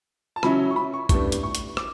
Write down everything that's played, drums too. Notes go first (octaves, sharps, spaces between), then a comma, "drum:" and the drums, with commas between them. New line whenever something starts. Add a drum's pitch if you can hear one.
A5
C#3 F#3 C#4 E4 B5, drum: rim click
C#6
B5
C#6
A2 G3 B3 D4 C#6, drum: kick, hi-hat
drum: hi-hat
C#6
drum: hi-hat
D6, drum: rim click